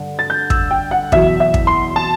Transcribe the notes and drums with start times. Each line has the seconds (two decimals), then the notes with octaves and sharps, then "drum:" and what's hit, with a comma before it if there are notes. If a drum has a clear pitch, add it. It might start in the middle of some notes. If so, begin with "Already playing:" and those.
Already playing: G2 D3
0.19 A6
0.30 G6
0.50 E6, drum: kick
0.71 G5
0.91 F#5
1.12 E2 B2 F#3 E5, drum: kick
1.40 E5
1.54 drum: kick
1.67 C6
1.96 A5